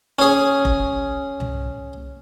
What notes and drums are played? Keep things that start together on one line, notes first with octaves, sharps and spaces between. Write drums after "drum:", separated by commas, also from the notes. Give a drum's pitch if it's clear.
C#4 G#4
drum: kick F1
drum: tom C2